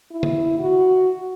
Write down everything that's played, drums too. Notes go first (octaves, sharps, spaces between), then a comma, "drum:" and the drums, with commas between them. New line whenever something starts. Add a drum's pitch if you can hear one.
E4
drum: tom D3
F#4